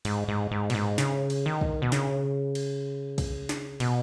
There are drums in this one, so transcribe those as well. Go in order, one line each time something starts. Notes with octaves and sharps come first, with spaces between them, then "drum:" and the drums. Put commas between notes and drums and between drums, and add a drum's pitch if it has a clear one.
G#2, drum: cymbal
G#2
G#2
B2, drum: cymbal
G#2
C#3, drum: snare
drum: cymbal
D#3
drum: kick
B2
C#3, drum: snare
drum: cymbal
drum: kick, cymbal
drum: snare
B2, drum: cymbal